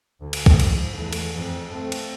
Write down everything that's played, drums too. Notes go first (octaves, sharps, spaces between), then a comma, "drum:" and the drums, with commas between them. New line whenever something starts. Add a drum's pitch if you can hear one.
D2
drum: cymbal
drum: kick
G#2 F3, drum: cymbal
E2 A3
drum: cymbal
F2
A3 C4
drum: cymbal